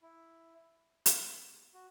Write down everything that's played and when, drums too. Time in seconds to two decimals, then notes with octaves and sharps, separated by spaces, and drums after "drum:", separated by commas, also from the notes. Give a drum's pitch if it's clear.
0.02 E4
1.06 drum: hi-hat
1.74 F#4